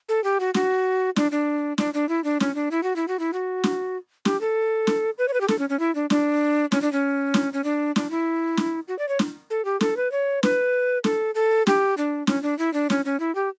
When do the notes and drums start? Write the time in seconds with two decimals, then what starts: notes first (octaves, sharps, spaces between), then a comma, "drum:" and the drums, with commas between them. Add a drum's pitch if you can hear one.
0.09 A4
0.24 G4
0.40 F#4
0.54 F#4, drum: snare
1.16 D4, drum: snare
1.32 D4
1.78 D4, drum: snare
1.94 D4
2.09 E4
2.24 D4
2.40 C#4, drum: snare
2.55 D4
2.71 E4
2.83 F#4
2.96 E4
3.08 F#4
3.19 E4
3.33 F#4
3.64 drum: snare
4.25 G4, drum: snare
4.41 A4
4.87 drum: snare
5.18 B4
5.28 C#5
5.33 B4
5.41 G4
5.48 A4, drum: snare
5.59 C#4
5.70 C#4
5.79 E4
5.95 D4
6.10 D4, drum: snare
6.72 C#4, drum: snare
6.82 D4
6.93 C#4
7.34 drum: snare
7.53 C#4
7.64 D4
7.96 D4, drum: snare
8.11 E4
8.57 drum: snare
8.88 F#4
8.99 D5
9.09 C#5
9.19 drum: snare
9.50 A4
9.65 G4
9.81 A4, drum: snare
9.97 B4
10.12 C#5
10.43 B4, drum: snare
11.04 A4, drum: snare
11.35 A4
11.67 G4, drum: snare
11.97 D4
12.27 C#4, drum: snare
12.43 D4
12.59 E4
12.74 D4
12.90 C#4, drum: snare
13.05 C#4
13.20 E4
13.35 G4